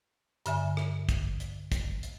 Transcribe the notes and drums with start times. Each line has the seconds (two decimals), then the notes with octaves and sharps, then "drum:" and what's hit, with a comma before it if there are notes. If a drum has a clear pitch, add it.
0.46 G2 D3 E5 G#5, drum: hi-hat
0.77 drum: rim click
1.09 drum: kick, hi-hat
1.40 drum: hi-hat
1.72 drum: kick, hi-hat
2.03 drum: hi-hat